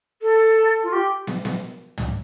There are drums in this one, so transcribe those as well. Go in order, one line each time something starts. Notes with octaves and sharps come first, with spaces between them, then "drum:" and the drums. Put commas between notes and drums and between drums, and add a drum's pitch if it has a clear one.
A4
F4
G4
drum: snare
drum: snare
drum: tom